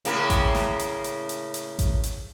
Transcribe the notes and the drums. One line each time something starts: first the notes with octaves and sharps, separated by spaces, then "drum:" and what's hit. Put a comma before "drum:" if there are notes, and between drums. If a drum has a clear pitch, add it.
A2 C#3 A#3, drum: hi-hat
drum: kick A1, hi-hat
drum: snare
drum: hi-hat
drum: hi-hat
drum: hi-hat
drum: hi-hat
drum: kick A1, hi-hat
drum: hi-hat